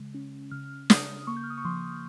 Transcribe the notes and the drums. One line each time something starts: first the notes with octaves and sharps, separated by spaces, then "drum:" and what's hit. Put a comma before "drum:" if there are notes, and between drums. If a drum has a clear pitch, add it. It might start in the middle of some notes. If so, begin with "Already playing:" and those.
Already playing: C#3 G#3
C#4
C#3 F6
C#3 D#6, drum: snare
A#3 C#6
G6
F6
D#6
C#6
F3 C6